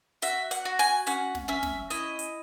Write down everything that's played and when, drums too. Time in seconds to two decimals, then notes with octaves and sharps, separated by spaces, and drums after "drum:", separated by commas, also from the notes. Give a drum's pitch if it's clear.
0.22 F#4 E5, drum: hi-hat
0.51 F#5, drum: hi-hat
0.65 F#4
0.79 G#5, drum: open hi-hat
1.07 C#4 F#5, drum: hi-hat
1.35 drum: snare
1.48 C#4 E5
1.63 drum: snare
1.90 E4 D#5, drum: hi-hat
2.19 drum: hi-hat